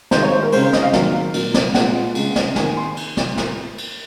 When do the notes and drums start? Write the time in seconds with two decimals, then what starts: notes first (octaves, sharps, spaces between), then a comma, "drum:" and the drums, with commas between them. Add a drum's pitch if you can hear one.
0.11 D#3 G#3 C5, drum: snare
0.22 C#5
0.32 C5
0.42 A#4
0.52 C#3 G#3 C5, drum: cymbal
0.62 C5
0.73 D#5, drum: snare
0.83 F5
0.93 D#3 F#3 A#3, drum: snare
1.34 A#2 F#3 A#3, drum: cymbal
1.54 drum: snare
1.74 A#2 F3 G#3 F#5, drum: snare
2.15 C#3 G#3, drum: cymbal
2.36 drum: snare
2.56 D#3 A#3 G#5, drum: snare
2.77 C6
2.97 drum: cymbal
3.17 drum: snare
3.37 drum: snare
3.78 drum: cymbal